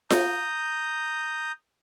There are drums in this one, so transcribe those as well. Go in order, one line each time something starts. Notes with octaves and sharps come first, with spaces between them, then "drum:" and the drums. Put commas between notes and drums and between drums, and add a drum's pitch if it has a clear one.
A#5 D#6 G6, drum: snare F4